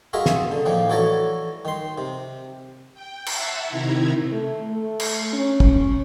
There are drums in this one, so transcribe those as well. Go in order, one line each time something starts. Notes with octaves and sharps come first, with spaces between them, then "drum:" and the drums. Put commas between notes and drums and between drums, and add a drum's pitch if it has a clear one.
F4 F#4 G#4 A#4 D#5 E5
drum: snare
D3
A2 D#3 F3 A#3
E3 F#4 A4 C#5 D5 A#5
D#3 C6
C3
G5
E5 F#5 A5 E6, drum: cymbal
C3 D#3 E4 A#5 G#6
A3
A3
drum: cymbal
C#4
drum: kick